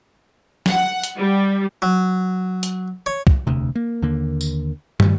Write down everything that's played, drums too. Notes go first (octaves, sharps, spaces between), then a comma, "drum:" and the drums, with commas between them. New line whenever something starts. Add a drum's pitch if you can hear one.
F#5, drum: snare
drum: hi-hat
G3
F#3
drum: hi-hat
C#5
drum: kick
E1 D2 C3
A#3
D#2 D3 A#3
drum: tambourine
G3, drum: tom